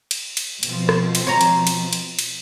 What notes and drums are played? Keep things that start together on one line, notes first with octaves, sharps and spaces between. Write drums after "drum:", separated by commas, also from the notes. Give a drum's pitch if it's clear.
drum: cymbal
drum: cymbal
B2 F3 C4, drum: cymbal
drum: rim click
drum: cymbal
C#5 A#5
drum: cymbal
drum: cymbal
drum: cymbal
drum: cymbal